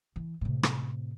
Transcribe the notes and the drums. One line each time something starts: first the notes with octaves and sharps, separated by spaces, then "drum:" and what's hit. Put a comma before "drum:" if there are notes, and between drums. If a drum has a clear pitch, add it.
E3
A2 C3
drum: rim click